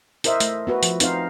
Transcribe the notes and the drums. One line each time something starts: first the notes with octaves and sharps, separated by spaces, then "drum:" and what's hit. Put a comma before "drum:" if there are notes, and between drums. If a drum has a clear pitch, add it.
E4 A#4 C5 D#5 E5, drum: hi-hat
A3, drum: hi-hat
B3 F#4 B4
F3, drum: hi-hat
C4 D#4 C5 F5, drum: hi-hat